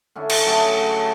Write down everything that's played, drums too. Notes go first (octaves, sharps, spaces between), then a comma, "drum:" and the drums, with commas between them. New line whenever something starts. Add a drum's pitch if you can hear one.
D3 C#4 D4 E4
drum: cymbal
F#3 A3 G4 G#4